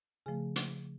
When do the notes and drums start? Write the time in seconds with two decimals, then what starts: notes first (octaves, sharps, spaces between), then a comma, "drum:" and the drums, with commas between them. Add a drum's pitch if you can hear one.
0.26 C#3 F3 A3 G#4 G#5
0.56 drum: hi-hat